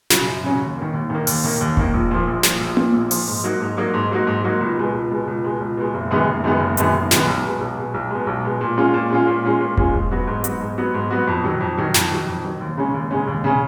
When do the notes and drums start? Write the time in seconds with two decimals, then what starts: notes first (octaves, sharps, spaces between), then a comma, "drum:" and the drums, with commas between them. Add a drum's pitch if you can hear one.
0.10 C#3 F#3 C#4 F#4, drum: snare
0.27 F#2
0.44 C#3 F#3 C#4 F#4
0.61 D#2
0.78 D#3 A#3
0.94 D#2
1.10 D#3 A#3
1.27 D#2, drum: open hi-hat
1.44 D#3 A#3
1.61 D#2
1.77 D#3 A#3, drum: kick E1
1.94 A#1
2.11 A#2 F3
2.27 A#1
2.43 A#2 F3, drum: snare
2.60 A#1
2.77 A#2 F3, drum: tom A#3
2.94 A#1
3.11 A#2 F3, drum: open hi-hat
3.27 G#2
3.44 F#3 A#3 D#4 F#4
3.61 G#2
3.77 F#3 A#3 D#4 F#4
3.94 G#2
4.11 F#3 A#3 D#4 F#4
4.27 G#2
4.44 F#3 A#3 D#4 F#4
4.60 C#2
4.77 B2 G#3
4.94 C#2
5.11 B2 G#3
5.27 C#2
5.44 B2 G#3
5.60 C#2
5.77 B2 G#3
5.94 F#1
6.11 F#2 D#3 G#3 B3
6.27 F#1
6.44 F#2 D#3 G#3 B3
6.61 F#1
6.77 F#2 D#3 G#3 B3, drum: hi-hat
6.94 F#1
7.11 F#2 D#3 G#3 B3, drum: snare
7.27 B1
7.44 B2 G#3
7.61 B1
7.77 B2 G#3
7.94 B1
8.11 B2 G#3
8.27 B1
8.44 B2 G#3
8.61 A#2
8.77 G#3 C#4 F4
8.94 A#2
9.10 G#3 C#4 F4
9.27 A#2
9.44 G#3 C#4 F4
9.61 A#2
9.77 G#3 C#4 F4, drum: kick E1
9.93 G#2
10.11 F#3 B3 F#4
10.27 G#2
10.44 F#3 B3 F#4, drum: hi-hat
10.60 G#2
10.78 F#3 B3 F#4
10.94 G#2
11.11 F#3 B3 F#4
11.27 F2
11.44 D#3 F#3
11.61 F2
11.78 D#3 F#3
11.94 F2, drum: snare
12.11 D#3 F#3
12.27 F2
12.44 D#3 F#3
12.61 D#2
12.77 C#3 G#3 C#4
12.94 D#2
13.11 C#3 G#3 C#4
13.27 D#2
13.44 C#3 G#3 C#4